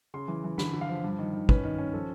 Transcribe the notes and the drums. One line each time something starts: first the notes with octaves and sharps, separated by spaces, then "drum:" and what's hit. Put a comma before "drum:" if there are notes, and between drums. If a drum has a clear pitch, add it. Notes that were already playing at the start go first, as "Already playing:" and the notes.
C#3 C6
E3
E3
D3 B5, drum: snare
D3
F5
F3
G2
D#3
D#3
C#4 B4, drum: kick
D#3
C#4
F3 A4